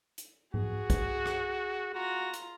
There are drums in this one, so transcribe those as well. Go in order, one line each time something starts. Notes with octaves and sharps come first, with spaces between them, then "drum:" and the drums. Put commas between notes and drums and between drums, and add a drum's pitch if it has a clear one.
drum: hi-hat
F#4 G#4, drum: tom G#2
drum: kick, hi-hat
drum: rim click
F4 F#4 A#5
drum: hi-hat